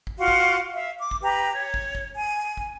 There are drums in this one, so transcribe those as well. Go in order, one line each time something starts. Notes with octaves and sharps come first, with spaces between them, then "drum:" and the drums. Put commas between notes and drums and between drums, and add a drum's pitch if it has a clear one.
drum: kick
F4 F#4 F5 C6
drum: kick
E5 F5
D6
drum: kick
G4 B4 A#5
C#5
drum: kick
drum: kick
G#5
drum: kick